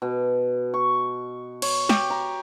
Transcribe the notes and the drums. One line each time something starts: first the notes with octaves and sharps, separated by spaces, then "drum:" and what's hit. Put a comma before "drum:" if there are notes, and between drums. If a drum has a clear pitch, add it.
B2
C#6
C#5, drum: cymbal
G4, drum: snare
A#5